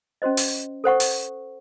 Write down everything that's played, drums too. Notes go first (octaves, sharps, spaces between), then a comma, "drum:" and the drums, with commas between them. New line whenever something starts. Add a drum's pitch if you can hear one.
C#4 F#4 C5 D#5
drum: open hi-hat
A4 C5 F#5 C#6
drum: open hi-hat